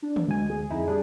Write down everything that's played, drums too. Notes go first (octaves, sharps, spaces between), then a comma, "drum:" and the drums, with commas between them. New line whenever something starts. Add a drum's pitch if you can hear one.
D4
drum: tom
D2 G#3 G#5
G#4
F2 D#4 E4
G3 D4 G#4